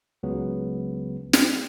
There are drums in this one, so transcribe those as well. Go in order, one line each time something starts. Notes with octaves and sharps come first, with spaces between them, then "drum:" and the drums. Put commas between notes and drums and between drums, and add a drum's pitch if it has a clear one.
C#2 C#3 F#3 B3
drum: snare